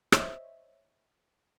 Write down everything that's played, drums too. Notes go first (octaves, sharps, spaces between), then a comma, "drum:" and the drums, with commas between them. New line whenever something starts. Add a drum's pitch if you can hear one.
C5 C#5 D#5 E5, drum: rim click